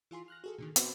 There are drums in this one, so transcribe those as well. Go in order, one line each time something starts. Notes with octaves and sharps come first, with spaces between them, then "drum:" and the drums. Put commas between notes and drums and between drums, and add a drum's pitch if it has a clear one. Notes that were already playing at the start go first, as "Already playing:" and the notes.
E3 F4 G#4 C6
F6 F#6 A#6
F#4 G#4 A4
A#2 D3 D#3
B3 C4 F#4 B4 C5, drum: hi-hat